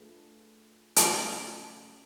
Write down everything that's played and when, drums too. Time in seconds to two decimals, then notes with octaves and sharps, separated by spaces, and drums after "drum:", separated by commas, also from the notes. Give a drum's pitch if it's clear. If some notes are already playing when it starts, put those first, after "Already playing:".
Already playing: A3 D4 F4 G#4 B4
0.96 C#3 F#3 A3 C#4, drum: hi-hat